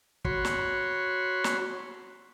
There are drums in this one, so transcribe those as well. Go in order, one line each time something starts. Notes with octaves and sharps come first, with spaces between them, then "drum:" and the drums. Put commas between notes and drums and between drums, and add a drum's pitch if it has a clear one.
F#4 C#5 B5 C6, drum: kick
drum: snare
drum: snare